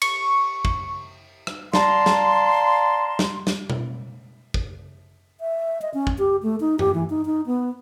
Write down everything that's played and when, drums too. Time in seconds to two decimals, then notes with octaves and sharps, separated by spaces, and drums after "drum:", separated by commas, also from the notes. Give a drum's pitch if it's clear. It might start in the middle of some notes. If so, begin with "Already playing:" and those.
0.02 C#6, drum: cymbal
0.65 drum: kick
1.47 drum: rim click
1.73 D5 F5 A5 A#5 C6, drum: snare
2.06 drum: snare
3.19 drum: snare
3.47 drum: snare
3.70 drum: tom B2
4.54 drum: kick
5.41 E5
5.82 D#5
5.94 C#4
6.07 drum: kick
6.19 G4
6.43 A3
6.61 D#4
6.79 G4, drum: tom G2
6.94 E3
7.10 D#4
7.26 D#4
7.46 B3